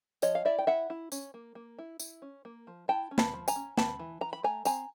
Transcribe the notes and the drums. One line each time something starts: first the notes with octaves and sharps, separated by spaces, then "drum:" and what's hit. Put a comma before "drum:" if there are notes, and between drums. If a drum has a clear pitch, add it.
F3 C#5 D#5, drum: tambourine
F5
E4 D5 E5
G5
E4 E5 F#5
E4
C#4, drum: tambourine
A#3
A#3
E4
E4, drum: tambourine
C#4
A#3
F3
E4 G5 A5
C#4
A5 B5, drum: snare
F3
G#5 A#5, drum: tambourine
C#4
C4 A5 B5, drum: snare
E3
E3 A#5
B5
A3 G#5 A#5
C4 G#5 A#5, drum: tambourine